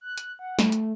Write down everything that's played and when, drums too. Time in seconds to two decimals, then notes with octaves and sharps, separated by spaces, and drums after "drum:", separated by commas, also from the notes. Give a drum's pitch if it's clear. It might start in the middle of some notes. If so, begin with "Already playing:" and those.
0.01 F#6
0.18 drum: hi-hat
0.39 F#5
0.59 A3, drum: snare
0.72 drum: hi-hat